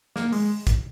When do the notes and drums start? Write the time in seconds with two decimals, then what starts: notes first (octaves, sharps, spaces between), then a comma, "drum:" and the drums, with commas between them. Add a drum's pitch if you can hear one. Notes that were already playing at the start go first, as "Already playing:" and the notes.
0.16 A#3, drum: snare
0.32 G#3, drum: open hi-hat
0.67 drum: kick, hi-hat